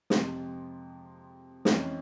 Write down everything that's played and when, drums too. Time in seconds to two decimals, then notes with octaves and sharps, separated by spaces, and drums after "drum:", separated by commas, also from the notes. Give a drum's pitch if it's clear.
0.10 F2 C3 F3 G#3, drum: snare
1.65 F2 E3 G#3 C#4, drum: snare